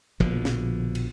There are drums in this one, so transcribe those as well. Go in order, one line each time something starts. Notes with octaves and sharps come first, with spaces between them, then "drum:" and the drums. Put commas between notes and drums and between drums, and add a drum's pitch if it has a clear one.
A#1 B2 D3 F3, drum: kick
drum: snare
drum: cymbal